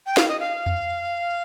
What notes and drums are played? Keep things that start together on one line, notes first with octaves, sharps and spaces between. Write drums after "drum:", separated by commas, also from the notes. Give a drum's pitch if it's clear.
G5
F5, drum: snare
D#5
F5
drum: tom E2